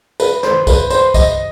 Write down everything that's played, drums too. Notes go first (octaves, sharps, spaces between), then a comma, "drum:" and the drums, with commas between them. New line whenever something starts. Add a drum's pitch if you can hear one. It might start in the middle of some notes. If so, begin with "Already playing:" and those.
B4, drum: tambourine
C5, drum: snare
B4, drum: kick, tambourine
C5, drum: tambourine
D#5, drum: kick, tambourine